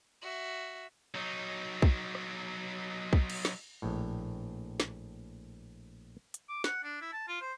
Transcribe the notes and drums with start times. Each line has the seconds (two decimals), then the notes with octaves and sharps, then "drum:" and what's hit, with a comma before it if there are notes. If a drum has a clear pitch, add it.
0.22 F#4 E5
1.15 F#3 D#4
1.82 drum: kick
2.15 drum: rim click
3.13 drum: kick
3.30 drum: cymbal
3.45 drum: snare
3.82 A#1 A2
4.80 drum: snare
6.34 drum: hi-hat
6.49 D6
6.64 F#5, drum: snare
6.83 D4
7.01 E4
7.13 A5
7.28 F4
7.41 C5